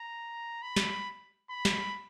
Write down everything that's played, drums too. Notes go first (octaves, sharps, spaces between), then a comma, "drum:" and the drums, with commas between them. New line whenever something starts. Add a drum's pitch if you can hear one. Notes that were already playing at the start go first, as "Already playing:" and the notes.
Already playing: A#5
B5
drum: snare
B5
drum: snare